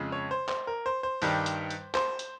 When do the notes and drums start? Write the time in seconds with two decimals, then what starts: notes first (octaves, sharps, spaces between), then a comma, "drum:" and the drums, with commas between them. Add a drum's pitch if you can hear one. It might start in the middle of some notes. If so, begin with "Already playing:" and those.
Already playing: F2 C#3 G#3
0.12 C#5
0.31 C5
0.49 C5, drum: clap
0.67 A#4
0.86 C5
1.03 C5
1.22 G2 D#3 G3, drum: open hi-hat
1.46 drum: hi-hat
1.70 drum: hi-hat
1.95 C5, drum: clap
2.19 drum: hi-hat